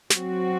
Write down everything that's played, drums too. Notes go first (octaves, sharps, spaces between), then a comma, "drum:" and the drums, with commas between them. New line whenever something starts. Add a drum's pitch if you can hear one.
F#3 C4 F#4, drum: snare